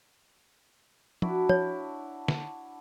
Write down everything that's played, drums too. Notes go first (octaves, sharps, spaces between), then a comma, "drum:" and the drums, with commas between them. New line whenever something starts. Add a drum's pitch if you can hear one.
D4 E4 F#4, drum: tom
C#5, drum: tom
drum: snare